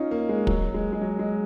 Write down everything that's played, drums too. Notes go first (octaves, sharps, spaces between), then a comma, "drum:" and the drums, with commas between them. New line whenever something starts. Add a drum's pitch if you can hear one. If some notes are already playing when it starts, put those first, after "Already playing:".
Already playing: C#4 D#4 F4
A#3
G#3
F#3, drum: kick
G#3
G#3
F#3
G#3